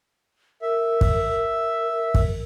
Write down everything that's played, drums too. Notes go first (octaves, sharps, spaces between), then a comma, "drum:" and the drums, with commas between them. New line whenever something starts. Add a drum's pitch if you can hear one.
A#4 E5
drum: kick
A#4
drum: kick